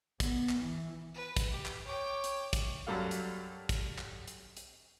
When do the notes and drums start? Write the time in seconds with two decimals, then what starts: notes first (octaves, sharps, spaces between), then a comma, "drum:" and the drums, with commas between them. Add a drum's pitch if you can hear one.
0.20 B3, drum: kick, hi-hat
0.49 drum: clap
0.60 E3
1.14 B4
1.37 drum: kick, hi-hat
1.50 G4
1.66 drum: clap
1.87 C#5 G5 D6
2.24 drum: hi-hat
2.53 drum: kick, hi-hat
2.87 F#2 F#3 G3 A4 F5
3.11 drum: hi-hat
3.69 drum: kick, hi-hat
3.98 drum: clap
4.28 drum: hi-hat
4.57 drum: hi-hat